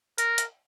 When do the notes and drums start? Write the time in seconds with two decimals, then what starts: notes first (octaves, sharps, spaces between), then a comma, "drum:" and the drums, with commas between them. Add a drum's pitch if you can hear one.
0.18 A#4, drum: hi-hat
0.38 drum: hi-hat